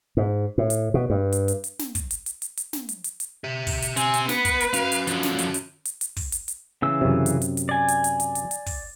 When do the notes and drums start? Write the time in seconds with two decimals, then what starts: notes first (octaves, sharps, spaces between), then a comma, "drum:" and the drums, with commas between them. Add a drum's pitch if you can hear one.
0.17 G#2
0.58 A2
0.70 drum: hi-hat
0.94 B2
1.10 G2
1.32 drum: hi-hat
1.48 drum: hi-hat
1.64 drum: hi-hat
1.79 drum: snare
1.95 drum: kick, hi-hat
2.11 drum: hi-hat
2.26 drum: hi-hat
2.42 drum: hi-hat
2.57 drum: hi-hat
2.73 drum: snare
2.89 drum: hi-hat
3.04 drum: hi-hat
3.20 drum: hi-hat
3.44 G4 E5
3.67 drum: kick, open hi-hat
3.82 drum: hi-hat
3.97 C4 G#5, drum: hi-hat
4.14 drum: hi-hat
4.29 B3 B4, drum: snare
4.45 drum: kick, hi-hat
4.60 drum: hi-hat
4.74 C#4 F#4 F5, drum: hi-hat
4.92 drum: hi-hat
5.07 D3 F3, drum: hi-hat
5.23 drum: snare
5.39 drum: hi-hat
5.54 drum: hi-hat
5.85 drum: hi-hat
6.01 drum: hi-hat
6.17 drum: kick, open hi-hat
6.32 drum: hi-hat
6.48 drum: hi-hat
6.82 C#3 E3 E6
7.01 F#2 C3
7.26 drum: hi-hat
7.42 drum: hi-hat
7.57 drum: hi-hat
7.69 D5 G#5
7.88 drum: hi-hat
8.04 drum: hi-hat
8.20 drum: hi-hat
8.35 drum: hi-hat
8.51 drum: hi-hat
8.66 drum: kick, open hi-hat